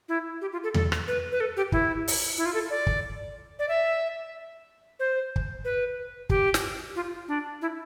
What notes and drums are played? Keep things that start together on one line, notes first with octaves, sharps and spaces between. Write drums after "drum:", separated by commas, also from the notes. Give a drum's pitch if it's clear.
E4
G4
F4
A4
A4, drum: tom E2
drum: rim click
B4
B4
A4
G4
E4, drum: kick
drum: open hi-hat
E4
F4
A4
D5
drum: kick
D5
E5
C5
drum: kick
B4
G4, drum: kick
drum: snare
F4
D4
E4